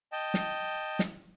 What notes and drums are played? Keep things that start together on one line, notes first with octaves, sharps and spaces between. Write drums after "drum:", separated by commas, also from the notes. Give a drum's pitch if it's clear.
D#5 G5 A5
drum: snare
drum: snare